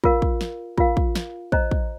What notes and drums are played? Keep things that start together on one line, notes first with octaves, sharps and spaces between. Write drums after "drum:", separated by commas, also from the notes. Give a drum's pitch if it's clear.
F4 A#4 F5, drum: kick
drum: kick
drum: snare
F4 A#4 F5, drum: kick
drum: kick
drum: snare
C5 D#5 A#5, drum: kick
drum: kick